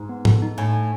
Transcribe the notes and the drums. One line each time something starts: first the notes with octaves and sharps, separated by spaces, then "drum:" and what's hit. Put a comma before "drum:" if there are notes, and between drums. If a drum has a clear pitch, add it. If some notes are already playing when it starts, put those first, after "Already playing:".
Already playing: G#2
B3
A4, drum: tom
D#4
A2 G#5
G#5